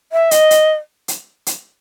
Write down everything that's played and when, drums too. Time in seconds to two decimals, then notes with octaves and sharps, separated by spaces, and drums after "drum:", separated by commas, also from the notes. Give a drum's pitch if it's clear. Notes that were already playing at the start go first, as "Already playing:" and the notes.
0.12 E5
0.31 D#5, drum: hi-hat
0.51 drum: hi-hat
1.08 drum: hi-hat
1.46 drum: hi-hat